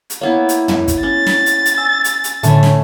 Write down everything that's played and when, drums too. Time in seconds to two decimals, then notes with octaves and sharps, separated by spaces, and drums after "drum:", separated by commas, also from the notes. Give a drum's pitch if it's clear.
0.10 drum: hi-hat
0.21 A#3 B3 E4 C#5
0.49 drum: hi-hat
0.68 drum: tom
0.88 drum: kick, hi-hat
1.03 C#4 A6
1.27 drum: snare
1.46 drum: hi-hat
1.65 drum: hi-hat
1.77 G#5 E6
2.04 drum: hi-hat
2.24 drum: hi-hat
2.43 A2 D3 A3 C#4 C#5, drum: hi-hat
2.63 drum: snare